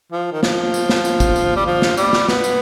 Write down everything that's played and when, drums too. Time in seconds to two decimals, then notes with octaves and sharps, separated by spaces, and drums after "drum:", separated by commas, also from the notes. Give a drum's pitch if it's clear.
0.12 F3
0.32 D#3
0.43 F3, drum: snare
0.74 drum: tambourine
0.89 drum: snare
1.05 drum: tambourine
1.20 drum: kick, tambourine
1.36 drum: tambourine
1.56 G3
1.66 F3
1.82 drum: snare
1.97 G3, drum: tambourine
2.13 drum: snare
2.28 B3, drum: snare
2.44 drum: tambourine